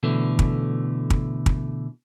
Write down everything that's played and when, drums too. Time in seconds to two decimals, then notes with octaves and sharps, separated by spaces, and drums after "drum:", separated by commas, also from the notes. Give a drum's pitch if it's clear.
0.03 B2 D3 E3 A3
0.39 drum: kick
1.10 drum: kick
1.46 drum: kick